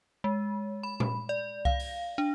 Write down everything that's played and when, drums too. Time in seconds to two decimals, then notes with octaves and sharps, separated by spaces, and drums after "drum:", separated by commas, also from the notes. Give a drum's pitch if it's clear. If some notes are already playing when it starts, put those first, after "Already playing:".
0.24 G#3
0.83 B5
1.00 drum: tom A#2
1.29 D5
1.65 F5, drum: kick C2
1.80 drum: open hi-hat
2.18 D4